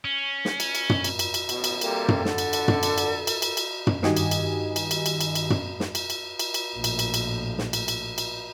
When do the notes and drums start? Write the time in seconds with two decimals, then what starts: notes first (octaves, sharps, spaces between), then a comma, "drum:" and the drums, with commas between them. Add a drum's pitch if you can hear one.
0.05 C#4
0.45 drum: snare
0.60 drum: cymbal
0.75 drum: cymbal
0.90 drum: tom
1.04 drum: cymbal
1.19 drum: cymbal
1.34 drum: cymbal
1.49 A1 B2, drum: cymbal
1.64 drum: cymbal
1.81 C3 G3 A#3 A4, drum: cymbal
2.08 drum: tom
2.25 D3, drum: snare
2.38 drum: cymbal
2.53 drum: cymbal
2.68 drum: tom
2.83 drum: cymbal
2.98 drum: cymbal
3.27 drum: cymbal
3.42 drum: cymbal
3.57 drum: cymbal
3.87 drum: tom
4.03 G2 D#3 F#4 G4 D#5 G#5, drum: snare
4.17 drum: cymbal
4.31 drum: cymbal
4.76 drum: cymbal
4.91 drum: cymbal
5.06 drum: cymbal
5.21 drum: cymbal
5.35 drum: cymbal
5.50 drum: tom
5.80 drum: snare
5.95 drum: cymbal
6.10 drum: cymbal
6.39 drum: cymbal
6.54 drum: cymbal
6.75 A#1 A2
6.84 drum: cymbal
6.99 drum: cymbal
7.14 drum: cymbal
7.58 drum: snare
7.73 drum: cymbal
7.88 drum: cymbal
8.18 drum: cymbal